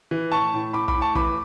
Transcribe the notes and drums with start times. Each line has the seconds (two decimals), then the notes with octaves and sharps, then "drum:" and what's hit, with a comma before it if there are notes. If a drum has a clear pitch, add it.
0.11 E3
0.32 A2 A5 C#6
0.54 A2
0.73 A2 B5 D6
0.88 B5 D6, drum: kick
0.94 A2
1.01 A5 C#6
1.15 E3 B5 D6, drum: kick